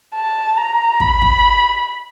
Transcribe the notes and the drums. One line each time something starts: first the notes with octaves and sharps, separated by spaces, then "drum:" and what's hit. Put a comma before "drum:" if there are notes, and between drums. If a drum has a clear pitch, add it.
A5
A#5
B5, drum: kick
drum: kick